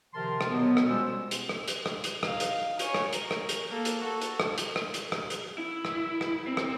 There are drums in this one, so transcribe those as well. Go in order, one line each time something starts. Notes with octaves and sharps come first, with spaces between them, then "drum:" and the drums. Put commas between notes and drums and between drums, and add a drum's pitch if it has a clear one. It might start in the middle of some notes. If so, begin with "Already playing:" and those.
C3 D#3 F3 A#4 A5 C6
drum: rim click
B2 F#3 B3
drum: rim click
G3 G#3 C#4 F4 C5 E6
drum: hi-hat
drum: rim click
drum: hi-hat
drum: rim click
drum: hi-hat
D#4 F5, drum: rim click
drum: hi-hat
C#5 G#5, drum: hi-hat
drum: rim click
A#4, drum: hi-hat
drum: rim click
drum: hi-hat
A#3 A4
drum: hi-hat
F#4 A4
drum: hi-hat
drum: rim click
drum: hi-hat
drum: rim click
drum: hi-hat
drum: rim click
drum: hi-hat
E4
drum: rim click
drum: rim click
C4
drum: rim click